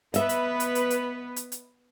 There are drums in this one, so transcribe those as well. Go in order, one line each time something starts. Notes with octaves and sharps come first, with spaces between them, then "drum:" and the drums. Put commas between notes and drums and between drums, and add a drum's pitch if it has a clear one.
B3 B4 D#5 E5, drum: hi-hat
drum: hi-hat
drum: hi-hat
drum: hi-hat
drum: hi-hat
drum: hi-hat
drum: hi-hat